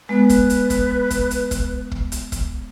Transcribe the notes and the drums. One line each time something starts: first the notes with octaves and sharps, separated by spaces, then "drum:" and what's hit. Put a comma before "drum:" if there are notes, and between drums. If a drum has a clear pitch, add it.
G#3 B3 B4
drum: kick, hi-hat
drum: hi-hat
drum: kick, hi-hat
drum: kick, hi-hat
drum: hi-hat
drum: kick, hi-hat
drum: kick
drum: hi-hat
drum: kick, hi-hat